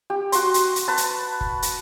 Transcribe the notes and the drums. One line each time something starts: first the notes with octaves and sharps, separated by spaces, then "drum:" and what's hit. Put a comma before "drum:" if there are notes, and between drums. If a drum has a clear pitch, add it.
G4
F#4 C6, drum: hi-hat
drum: hi-hat
drum: hi-hat
B4 A5
drum: hi-hat
drum: kick F#1
drum: hi-hat